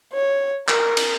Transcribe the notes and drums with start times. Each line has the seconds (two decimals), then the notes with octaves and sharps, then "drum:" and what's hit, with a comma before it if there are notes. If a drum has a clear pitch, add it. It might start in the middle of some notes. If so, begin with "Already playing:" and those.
0.14 C#5
0.69 A#4, drum: clap
0.97 drum: cymbal